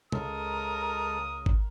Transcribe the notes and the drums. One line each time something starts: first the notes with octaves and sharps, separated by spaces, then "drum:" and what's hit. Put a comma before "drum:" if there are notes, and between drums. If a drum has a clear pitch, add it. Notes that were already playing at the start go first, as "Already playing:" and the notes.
C#2 G#3 A4 A#4 D#6, drum: tom
drum: kick G#1